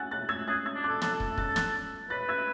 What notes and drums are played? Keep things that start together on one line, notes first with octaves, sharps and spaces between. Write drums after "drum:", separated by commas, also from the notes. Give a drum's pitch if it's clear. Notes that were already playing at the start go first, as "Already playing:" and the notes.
Already playing: F#5 G#5 E6 F#6 A6
F#6 A6
E6 G#6
G#4 F#6 A6
E6 G#6
D4
A4 D6 F#6
A4 D6 F#6, drum: snare
drum: kick
F#6 A6, drum: kick
F#6 A6, drum: snare
B4 F#6 A6
E6 G#6